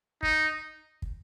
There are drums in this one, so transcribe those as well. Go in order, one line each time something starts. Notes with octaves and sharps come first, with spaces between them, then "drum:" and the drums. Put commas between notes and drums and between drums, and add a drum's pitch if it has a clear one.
D#4, drum: kick
drum: kick